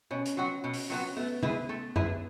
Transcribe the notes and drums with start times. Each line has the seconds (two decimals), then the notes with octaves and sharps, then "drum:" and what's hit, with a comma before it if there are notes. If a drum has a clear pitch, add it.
0.11 B2 C#4
0.25 drum: hi-hat
0.37 F#3 B3 F#4
0.64 B2
0.73 drum: open hi-hat
0.90 F#3 B3 F#4
1.16 A3 B3
1.43 E4 G#4 B4, drum: tom
1.69 A3
1.96 E4 G#4 B4, drum: tom F#2